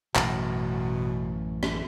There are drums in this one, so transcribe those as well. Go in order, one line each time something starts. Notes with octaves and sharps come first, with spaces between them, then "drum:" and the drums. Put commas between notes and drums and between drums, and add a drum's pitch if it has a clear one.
A1 F#2 B2, drum: clap
drum: rim click